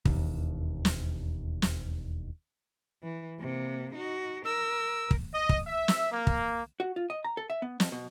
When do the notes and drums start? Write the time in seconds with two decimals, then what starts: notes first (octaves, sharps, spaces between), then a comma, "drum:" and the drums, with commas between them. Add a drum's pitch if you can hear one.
0.05 E1 D#2, drum: kick
0.85 drum: snare
1.62 drum: snare
3.03 E3
3.40 C3 A#3
3.94 D#4 F#4
4.45 A#4 E6
5.11 drum: kick
5.33 D#5
5.49 drum: kick
5.66 E5
5.88 drum: snare
6.11 A#3
6.27 drum: kick
6.80 F#4
6.96 F4
7.10 D#5
7.24 A#5
7.37 A4
7.50 E5
7.62 B3
7.80 F2, drum: snare
7.92 B2